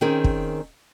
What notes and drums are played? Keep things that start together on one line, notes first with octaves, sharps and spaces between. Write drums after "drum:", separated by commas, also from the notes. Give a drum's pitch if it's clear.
D#3 C4 C#4 G#4 A#4
drum: kick